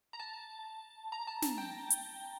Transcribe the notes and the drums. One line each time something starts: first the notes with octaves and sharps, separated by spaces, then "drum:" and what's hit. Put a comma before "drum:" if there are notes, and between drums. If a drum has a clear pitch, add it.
A#5
A5
A#5
A5
A5, drum: snare
G5
drum: hi-hat